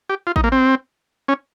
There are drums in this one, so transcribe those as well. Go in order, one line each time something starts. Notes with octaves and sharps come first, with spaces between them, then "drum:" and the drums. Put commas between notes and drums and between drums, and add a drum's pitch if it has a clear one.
G4
F4
D#4, drum: kick A1
A#3
C4
C#4